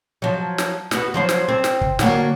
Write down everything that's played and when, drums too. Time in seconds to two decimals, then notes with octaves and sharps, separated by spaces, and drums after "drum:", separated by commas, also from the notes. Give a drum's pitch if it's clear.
0.22 F3 F#3
0.58 drum: snare
0.91 B3 F#4, drum: snare
1.14 F3 F#3 C5
1.29 drum: snare
1.49 C4
1.64 drum: snare
1.81 drum: kick
1.99 D3 F#3 A#3, drum: snare